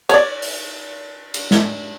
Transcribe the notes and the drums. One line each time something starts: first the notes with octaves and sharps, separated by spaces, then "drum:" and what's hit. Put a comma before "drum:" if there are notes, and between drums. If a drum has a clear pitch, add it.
C#5 D5, drum: cymbal
drum: open hi-hat
drum: cymbal
drum: snare